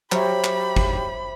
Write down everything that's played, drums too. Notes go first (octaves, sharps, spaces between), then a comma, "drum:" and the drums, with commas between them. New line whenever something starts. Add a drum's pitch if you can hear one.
F#3 G4 C5 C#5 E5 A#5 B5, drum: clap
drum: clap
drum: kick